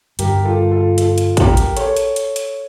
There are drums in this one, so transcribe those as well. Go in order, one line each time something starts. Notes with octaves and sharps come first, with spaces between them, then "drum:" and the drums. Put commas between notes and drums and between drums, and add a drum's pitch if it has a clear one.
G2 D3 G3 G4 A#4, drum: hi-hat
F4 A4
F4 A4
F4 A4, drum: hi-hat
drum: hi-hat
G4 A#4, drum: kick, hi-hat
drum: hi-hat
A4 C#5, drum: hi-hat
drum: hi-hat
drum: hi-hat
drum: hi-hat